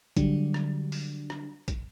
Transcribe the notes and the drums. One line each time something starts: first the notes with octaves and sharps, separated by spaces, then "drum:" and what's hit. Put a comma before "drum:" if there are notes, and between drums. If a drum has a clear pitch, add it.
D3 F#3 G3 D4, drum: kick A#1, hi-hat
drum: rim click
drum: open hi-hat
drum: rim click
drum: kick A#1, hi-hat